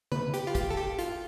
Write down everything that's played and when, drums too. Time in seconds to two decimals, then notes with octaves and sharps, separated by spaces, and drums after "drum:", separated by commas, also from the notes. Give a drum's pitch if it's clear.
0.12 B4, drum: tom C#3
0.34 G4, drum: hi-hat
0.47 F4
0.55 G4, drum: kick, hi-hat
0.71 A4
0.77 G4
0.99 F4, drum: hi-hat